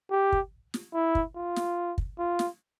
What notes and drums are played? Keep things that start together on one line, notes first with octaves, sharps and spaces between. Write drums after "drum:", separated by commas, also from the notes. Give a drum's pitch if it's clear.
G4
drum: kick
drum: snare
E4
drum: kick
F4
drum: snare
drum: kick
F4
drum: snare